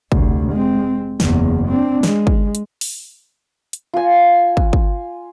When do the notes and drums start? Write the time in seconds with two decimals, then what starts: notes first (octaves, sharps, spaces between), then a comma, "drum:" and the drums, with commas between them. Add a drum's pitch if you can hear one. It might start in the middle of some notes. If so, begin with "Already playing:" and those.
0.12 F1 D2, drum: kick
0.53 G#3 C4
1.20 F#1 E2, drum: snare
1.68 C4 D4
2.03 G#3, drum: snare
2.27 drum: kick
2.55 drum: hi-hat
2.81 drum: open hi-hat
3.73 drum: hi-hat
3.94 F4 G#5
4.57 drum: kick
4.73 drum: kick